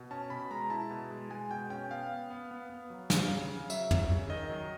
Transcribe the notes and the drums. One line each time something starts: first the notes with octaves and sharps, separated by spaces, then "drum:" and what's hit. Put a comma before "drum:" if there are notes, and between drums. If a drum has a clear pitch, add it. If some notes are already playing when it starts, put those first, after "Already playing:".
Already playing: B2
C#4 A5
B2 B5
G#3 A#5
E4 A5
B2
G#3
G#3 G#5
B2 G5
C#4 G5
B3 F5
B3
B3
B3
B3
F#3
F#3 F5, drum: snare
C#3
C#3
F#3 E5, drum: tambourine
F#3, drum: tom
C#3
D#3 D#5
F#3